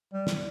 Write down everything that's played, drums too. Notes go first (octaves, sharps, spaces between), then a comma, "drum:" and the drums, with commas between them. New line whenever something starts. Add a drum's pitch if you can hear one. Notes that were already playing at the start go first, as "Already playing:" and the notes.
G3
drum: snare